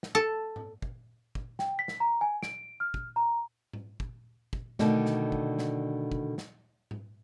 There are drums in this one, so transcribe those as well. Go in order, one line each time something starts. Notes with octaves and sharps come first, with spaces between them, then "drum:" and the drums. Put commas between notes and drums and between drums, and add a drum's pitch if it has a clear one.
drum: snare
A4
drum: tom G#2
drum: kick
drum: kick
G5, drum: snare
B6
drum: snare
A#5
G#5
D7, drum: snare
F6
drum: kick
A#5
drum: tom G#2
drum: kick
drum: kick
B2 D3 D#3 A3, drum: snare
drum: snare
drum: kick
drum: snare
drum: kick
drum: snare
drum: tom G#2